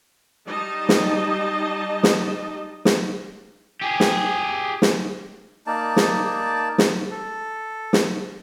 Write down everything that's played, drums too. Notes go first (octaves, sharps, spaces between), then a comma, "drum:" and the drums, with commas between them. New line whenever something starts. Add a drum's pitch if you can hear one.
G3 D#4 D#5 A5
drum: snare
drum: snare
drum: snare
G4 G#4
drum: snare
drum: snare
A#3 D#4 D5 A5
drum: snare
drum: snare
A4
drum: snare